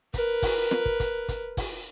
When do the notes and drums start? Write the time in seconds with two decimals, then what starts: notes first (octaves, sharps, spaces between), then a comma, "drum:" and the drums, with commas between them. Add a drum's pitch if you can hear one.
0.14 A#4 B4, drum: kick, hi-hat
0.42 drum: kick, open hi-hat
0.71 drum: snare
0.85 drum: kick
1.00 drum: kick, hi-hat
1.28 drum: kick, hi-hat
1.57 drum: kick, open hi-hat